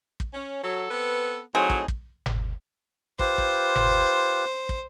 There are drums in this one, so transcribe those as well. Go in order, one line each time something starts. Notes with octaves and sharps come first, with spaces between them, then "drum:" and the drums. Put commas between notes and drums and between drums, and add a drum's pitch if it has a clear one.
drum: kick
C#4
F#3 A4
B3 C4 B4
A2 F#3 C4 D#4 G#4
drum: kick
drum: kick
drum: tom G1
F4 G4 B4 C5, drum: kick
drum: kick
drum: tom G1
drum: kick